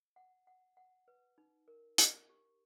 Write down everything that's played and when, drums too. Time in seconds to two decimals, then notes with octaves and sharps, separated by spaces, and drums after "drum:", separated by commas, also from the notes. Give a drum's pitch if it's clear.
0.16 F#5
0.47 F#5
0.77 F#5
1.08 B4
1.38 D#4
1.68 A#4
1.98 A#4, drum: hi-hat
2.29 G4